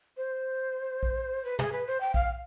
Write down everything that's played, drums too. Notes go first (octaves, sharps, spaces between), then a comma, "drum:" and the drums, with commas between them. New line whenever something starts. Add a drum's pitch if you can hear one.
C5
drum: kick A#1
B4
G#4, drum: tom
B4
C5
G5
F5, drum: kick A#1